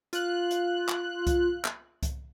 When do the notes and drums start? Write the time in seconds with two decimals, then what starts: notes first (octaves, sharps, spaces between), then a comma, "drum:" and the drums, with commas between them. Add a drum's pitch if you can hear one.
0.13 F4 F#6, drum: hi-hat
0.51 drum: hi-hat
0.89 drum: clap
1.27 drum: kick C2, hi-hat
1.65 drum: clap
2.03 drum: kick C2, hi-hat